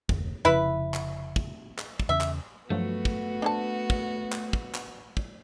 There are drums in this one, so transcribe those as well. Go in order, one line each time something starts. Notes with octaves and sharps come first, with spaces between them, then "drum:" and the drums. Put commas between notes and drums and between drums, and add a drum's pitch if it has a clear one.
F1 D2, drum: kick
F1 C#3 F3 E4 B4
drum: clap
drum: kick
drum: clap
drum: kick
E2 C#3 E5
drum: clap
G2 F3 F#3 A3 B3 F#4
drum: kick
D4 C5 A5
drum: kick
drum: clap
drum: kick
drum: clap
drum: kick